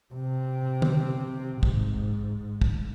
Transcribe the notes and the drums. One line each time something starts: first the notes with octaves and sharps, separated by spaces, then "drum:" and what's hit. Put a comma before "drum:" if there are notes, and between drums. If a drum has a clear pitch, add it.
C3
drum: tom D3
G#2, drum: kick
drum: kick